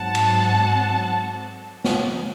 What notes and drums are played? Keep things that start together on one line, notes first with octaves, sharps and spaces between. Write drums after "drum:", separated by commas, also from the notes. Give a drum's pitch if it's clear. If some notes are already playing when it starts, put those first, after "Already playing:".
Already playing: G#2 F#3 C4 F#5 A5
drum: cymbal
drum: snare